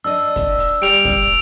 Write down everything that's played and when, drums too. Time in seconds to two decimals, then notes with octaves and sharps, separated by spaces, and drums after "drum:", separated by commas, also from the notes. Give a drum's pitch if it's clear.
0.04 D4 D5 D#5 E6
0.36 drum: kick, hi-hat
0.59 drum: hi-hat
0.82 G3 D7 F7, drum: hi-hat
1.05 drum: kick